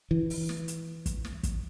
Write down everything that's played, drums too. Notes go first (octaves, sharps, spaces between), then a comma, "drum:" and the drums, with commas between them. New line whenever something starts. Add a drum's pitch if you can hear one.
E3
drum: open hi-hat
drum: snare
drum: hi-hat
drum: kick, hi-hat
drum: snare
drum: kick, hi-hat